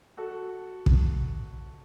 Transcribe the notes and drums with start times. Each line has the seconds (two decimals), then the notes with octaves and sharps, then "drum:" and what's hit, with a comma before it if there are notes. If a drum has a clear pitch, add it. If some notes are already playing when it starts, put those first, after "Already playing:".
0.17 F#4 A4
0.86 drum: kick